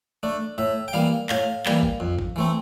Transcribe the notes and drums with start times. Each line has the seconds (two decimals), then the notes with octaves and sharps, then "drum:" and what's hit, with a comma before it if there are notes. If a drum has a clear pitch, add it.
0.23 A3 D4
0.58 A2 E5
0.88 G5
0.93 E3 G3 A#3 F5
1.29 A2 F5, drum: clap
1.66 E3 G3 A#3, drum: clap
1.83 drum: kick
2.00 F2
2.19 drum: kick
2.36 E3 A3 C4